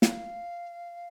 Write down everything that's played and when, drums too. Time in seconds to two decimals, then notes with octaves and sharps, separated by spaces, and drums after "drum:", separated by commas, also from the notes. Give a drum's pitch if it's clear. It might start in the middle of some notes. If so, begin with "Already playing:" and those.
0.02 F5, drum: snare